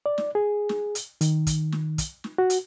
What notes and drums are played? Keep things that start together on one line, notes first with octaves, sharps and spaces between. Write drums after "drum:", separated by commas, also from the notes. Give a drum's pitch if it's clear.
D5
drum: snare
G#4
drum: snare
drum: hi-hat
D#3, drum: hi-hat
drum: kick, hi-hat
drum: snare
drum: kick, hi-hat
drum: snare
F#4
drum: hi-hat